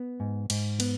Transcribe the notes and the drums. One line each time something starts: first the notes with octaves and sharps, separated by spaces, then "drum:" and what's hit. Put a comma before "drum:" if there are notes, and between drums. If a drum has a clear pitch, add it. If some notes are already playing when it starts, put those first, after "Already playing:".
Already playing: B3
G#2
G#2, drum: cymbal
B3, drum: cymbal